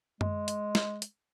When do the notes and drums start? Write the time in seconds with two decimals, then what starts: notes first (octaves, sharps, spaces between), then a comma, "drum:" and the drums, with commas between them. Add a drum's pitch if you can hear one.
0.21 G#3, drum: tom F#2
0.48 drum: hi-hat
0.75 drum: snare
1.02 drum: hi-hat